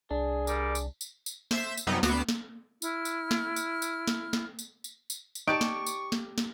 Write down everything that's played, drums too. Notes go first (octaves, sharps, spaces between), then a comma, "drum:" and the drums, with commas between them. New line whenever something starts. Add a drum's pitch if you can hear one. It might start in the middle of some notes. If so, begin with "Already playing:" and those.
C2 D4 G#4
G3 A#4 D6, drum: tambourine
drum: tambourine
drum: tambourine
drum: tambourine
C5 E5 E7, drum: snare
drum: tambourine
F#2 C3 F#3 G3 B3 D#4
D2 B3 F#4 D6 C7 E7, drum: snare
drum: snare
E4 F6, drum: tambourine
drum: tambourine
drum: snare
drum: tambourine
drum: tambourine
drum: snare
drum: snare
drum: tambourine
drum: tambourine
drum: tambourine
drum: tambourine
D#4 G4 D5 A5 C#6 D7
drum: snare
drum: tambourine
drum: snare
drum: snare